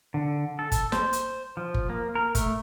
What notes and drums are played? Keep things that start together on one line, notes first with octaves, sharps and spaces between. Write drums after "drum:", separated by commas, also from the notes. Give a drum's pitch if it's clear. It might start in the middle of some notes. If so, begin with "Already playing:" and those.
D3
A4
drum: kick G1, hi-hat
C5, drum: snare
drum: hi-hat
F3
drum: kick G1
A#3
A#4
A3, drum: kick G1, hi-hat